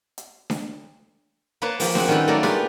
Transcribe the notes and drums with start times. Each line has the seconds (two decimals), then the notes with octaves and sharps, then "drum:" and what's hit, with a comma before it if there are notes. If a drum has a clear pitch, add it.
0.18 drum: hi-hat
0.50 drum: snare D4
1.62 A#3 B4 C#5 A5
1.80 F3 A#3, drum: open hi-hat
1.95 C4 F#4 G#4 F#5, drum: snare D4
2.08 D#3 G3 C#4 F4 A4 B4
2.28 F#3 A3 A#3 A4 D5 A#5
2.43 B3 F4 G4 G#4 B4, drum: snare D4